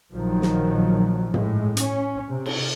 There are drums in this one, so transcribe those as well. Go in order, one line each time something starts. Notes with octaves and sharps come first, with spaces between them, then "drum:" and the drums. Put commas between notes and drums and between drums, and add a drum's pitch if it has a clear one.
A#1 A#2 D#3 F3 F#3
drum: snare
A2 G#3, drum: tom
C#4, drum: hi-hat
C3
drum: cymbal